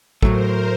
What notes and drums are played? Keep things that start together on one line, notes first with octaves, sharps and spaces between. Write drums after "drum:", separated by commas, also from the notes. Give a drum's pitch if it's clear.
A2 F#3 A3 A#4 C5, drum: kick